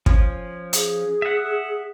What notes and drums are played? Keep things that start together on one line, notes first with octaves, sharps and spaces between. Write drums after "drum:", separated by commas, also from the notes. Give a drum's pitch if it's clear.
F3 C#4, drum: kick
G#4, drum: hi-hat
E5 F#5